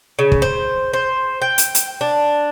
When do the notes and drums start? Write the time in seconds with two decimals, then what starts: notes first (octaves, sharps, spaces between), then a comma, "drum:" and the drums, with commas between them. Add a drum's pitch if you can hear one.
0.19 C#3
0.32 drum: kick
0.42 C5
0.94 C5
1.42 G5
1.58 drum: hi-hat
1.75 drum: hi-hat
2.01 D4